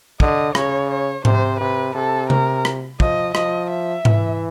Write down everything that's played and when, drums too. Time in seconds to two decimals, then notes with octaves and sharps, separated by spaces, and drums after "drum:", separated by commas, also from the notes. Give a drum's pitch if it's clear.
0.20 D3 D#5, drum: kick
0.55 C#3 C#5, drum: rim click
0.91 C#5
1.25 C3 C5, drum: tom G#2
1.60 C3 B4
1.95 C3 A4
2.30 A#4, drum: tom C3
2.65 drum: rim click
3.00 F3 D#5, drum: kick
3.35 F3 D#5, drum: rim click
3.70 E5
4.05 E3, drum: tom G#2